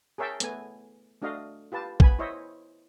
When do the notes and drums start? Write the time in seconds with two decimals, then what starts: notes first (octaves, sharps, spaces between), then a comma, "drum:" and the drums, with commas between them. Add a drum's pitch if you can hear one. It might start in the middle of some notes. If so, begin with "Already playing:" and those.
0.18 G#4 A#4 C#5 E5 G5 A5
0.40 A3 B3 G#5, drum: hi-hat
1.22 A3 D4 F#4 D#5 F5
1.72 F4 G4 B4 A5
2.00 B3 G#5 B5, drum: kick
2.19 E4 C5 C#5 D#5 E5